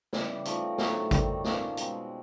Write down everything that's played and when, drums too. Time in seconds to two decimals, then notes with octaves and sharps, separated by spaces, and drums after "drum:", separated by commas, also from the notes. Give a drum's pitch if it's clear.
0.13 C#3 E3 G3, drum: snare
0.45 F3 A3 C4 D#4, drum: hi-hat
0.78 A2 F#3 A3, drum: snare
1.11 D#3 G3 C4, drum: kick G#1, hi-hat
1.44 F3 A#3 C#4 F4, drum: snare
1.77 B2 G#3 C4, drum: hi-hat